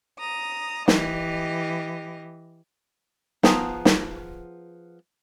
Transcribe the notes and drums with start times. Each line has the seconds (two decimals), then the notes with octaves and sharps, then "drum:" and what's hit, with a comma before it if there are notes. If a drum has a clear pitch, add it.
0.18 A#5 D#6
0.88 E3 G4 D#5, drum: snare
3.43 F3 B3 G#4 G5 A#5, drum: snare
3.85 drum: snare